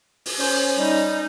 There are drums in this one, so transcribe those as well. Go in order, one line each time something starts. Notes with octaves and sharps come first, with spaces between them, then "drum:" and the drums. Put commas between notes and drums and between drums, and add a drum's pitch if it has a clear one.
drum: open hi-hat
C#4 C5, drum: open hi-hat
G3 D#4